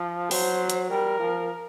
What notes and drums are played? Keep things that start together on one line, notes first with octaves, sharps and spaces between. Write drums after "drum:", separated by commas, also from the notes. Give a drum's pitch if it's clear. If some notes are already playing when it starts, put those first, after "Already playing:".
Already playing: F3
F#3 C5, drum: open hi-hat
drum: hi-hat
G3 A#4
F3